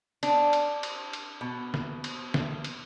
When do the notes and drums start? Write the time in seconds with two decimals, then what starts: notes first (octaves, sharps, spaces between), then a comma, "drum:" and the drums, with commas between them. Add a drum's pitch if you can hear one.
0.23 D4, drum: cymbal
0.53 drum: cymbal
0.83 drum: cymbal
1.13 drum: cymbal
1.41 B2
1.74 drum: snare
2.04 drum: cymbal
2.34 drum: snare
2.64 drum: cymbal